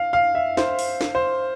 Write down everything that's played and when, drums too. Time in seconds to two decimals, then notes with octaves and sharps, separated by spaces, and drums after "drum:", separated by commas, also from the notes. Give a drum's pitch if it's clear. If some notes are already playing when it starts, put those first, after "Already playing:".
Already playing: F5
0.13 F5
0.35 E5
0.57 C5, drum: snare
0.79 drum: open hi-hat
1.01 drum: snare
1.15 C5